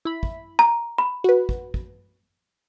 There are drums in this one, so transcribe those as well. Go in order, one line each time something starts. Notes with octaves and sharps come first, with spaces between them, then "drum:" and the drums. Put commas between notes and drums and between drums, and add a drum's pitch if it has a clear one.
E4 B5
drum: kick
A#5
B5
F#4 B4
drum: kick
drum: kick